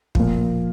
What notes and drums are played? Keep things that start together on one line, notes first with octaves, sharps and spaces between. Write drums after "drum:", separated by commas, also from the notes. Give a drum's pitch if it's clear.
A#2 F3, drum: kick